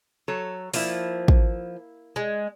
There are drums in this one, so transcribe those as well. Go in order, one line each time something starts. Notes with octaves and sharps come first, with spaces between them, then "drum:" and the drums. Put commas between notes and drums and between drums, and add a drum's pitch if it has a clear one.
F#3 A4 C#5
F3 A#3 E4, drum: open hi-hat
drum: kick
G#3